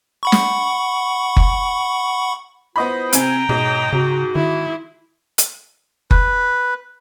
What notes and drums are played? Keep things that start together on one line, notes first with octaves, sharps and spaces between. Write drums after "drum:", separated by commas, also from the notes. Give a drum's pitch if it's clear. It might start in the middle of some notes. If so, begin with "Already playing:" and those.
F#5 B5 C#6
drum: snare
drum: kick F#1
B3 E4 F4 C5 D#5 B5
C3 C4 G5 G#5 A#5, drum: hi-hat
G#2 B2 C#5 D#5
C#3 F#4
D#3 E4
drum: hi-hat
B4, drum: kick F#1